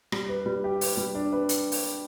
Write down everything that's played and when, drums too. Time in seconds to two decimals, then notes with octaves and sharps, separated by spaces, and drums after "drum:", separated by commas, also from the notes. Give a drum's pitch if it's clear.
0.12 G3, drum: rim click
0.29 B4
0.46 G3
0.64 G4
0.81 B4, drum: open hi-hat
0.97 G3
1.15 D4
1.32 B4
1.49 drum: hi-hat
1.72 drum: open hi-hat